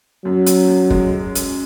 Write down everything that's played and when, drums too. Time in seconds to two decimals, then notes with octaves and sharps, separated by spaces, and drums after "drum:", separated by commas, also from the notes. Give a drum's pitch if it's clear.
0.24 F#2 F#3
0.46 F#2, drum: hi-hat
0.68 F#2
0.90 G#3, drum: kick
1.35 drum: hi-hat